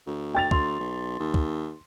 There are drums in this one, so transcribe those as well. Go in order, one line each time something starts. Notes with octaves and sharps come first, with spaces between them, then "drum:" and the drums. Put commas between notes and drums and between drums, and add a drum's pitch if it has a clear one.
D2
G5 A6 F7
D2 C6, drum: kick
B1
D#2
drum: kick